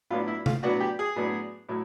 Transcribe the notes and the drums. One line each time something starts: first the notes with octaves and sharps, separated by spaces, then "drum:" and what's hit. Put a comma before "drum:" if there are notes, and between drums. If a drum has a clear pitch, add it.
A2 F#3 B3 D4 F4
E4
F4, drum: tom C3
A2 F#3 B3 D4 F#4
G4
G#4
A2 F#3 B3 D4
A2 F#3